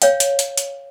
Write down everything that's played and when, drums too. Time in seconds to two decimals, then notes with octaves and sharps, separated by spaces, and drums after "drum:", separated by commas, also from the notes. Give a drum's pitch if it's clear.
0.02 C#5 F5 G5, drum: hi-hat
0.20 drum: hi-hat
0.39 drum: hi-hat
0.58 drum: hi-hat